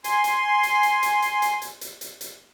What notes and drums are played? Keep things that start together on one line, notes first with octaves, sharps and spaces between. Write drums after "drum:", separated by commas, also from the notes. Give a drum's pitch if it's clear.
G#5 C6, drum: hi-hat
drum: hi-hat
drum: hi-hat
drum: hi-hat
drum: hi-hat
drum: hi-hat
drum: hi-hat
drum: hi-hat
drum: hi-hat
drum: hi-hat
drum: hi-hat